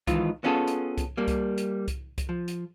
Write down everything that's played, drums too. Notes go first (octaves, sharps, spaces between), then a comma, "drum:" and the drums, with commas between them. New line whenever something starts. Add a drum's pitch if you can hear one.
G#2 D#3 E3 F4, drum: kick C2, hi-hat
B3 C#4 F4 G#4 A4
drum: hi-hat
drum: kick C2, hi-hat
G3 A#3
drum: kick C2, hi-hat
drum: hi-hat
drum: kick C2, hi-hat
drum: kick C2, hi-hat
F3
drum: hi-hat